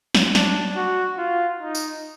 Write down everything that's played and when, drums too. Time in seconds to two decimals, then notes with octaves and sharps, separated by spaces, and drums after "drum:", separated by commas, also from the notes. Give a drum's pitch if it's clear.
0.15 drum: snare
0.35 D4, drum: snare
0.76 F#4
1.18 F4
1.60 D#4
1.75 drum: tambourine